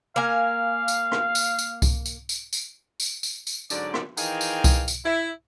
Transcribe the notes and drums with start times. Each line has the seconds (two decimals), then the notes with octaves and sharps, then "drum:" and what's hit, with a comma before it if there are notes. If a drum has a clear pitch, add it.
0.16 A#3 A#4 F5 G#5
0.88 drum: tambourine
1.12 drum: rim click
1.35 drum: tambourine
1.59 drum: tambourine
1.82 drum: kick C2, tambourine
2.06 drum: tambourine
2.29 drum: tambourine
2.53 drum: tambourine
3.00 drum: tambourine
3.23 drum: tambourine
3.47 drum: tambourine
3.70 G#2 D3 F#3 C#4 D5, drum: tambourine
3.94 drum: rim click
4.17 D#3 E3 G#4 D#5 F5 G5, drum: tambourine
4.41 drum: tambourine
4.64 drum: kick C2, tambourine
4.88 drum: tambourine
5.04 E4